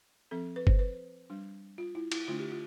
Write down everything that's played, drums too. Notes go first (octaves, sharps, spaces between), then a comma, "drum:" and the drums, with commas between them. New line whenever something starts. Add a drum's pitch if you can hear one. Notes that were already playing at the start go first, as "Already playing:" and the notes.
F3 C4 A4
B4
C5, drum: kick F#1
B4
G3 D4
F4
E4
E4, drum: cymbal
D3 A3 D4 F4
G4
F4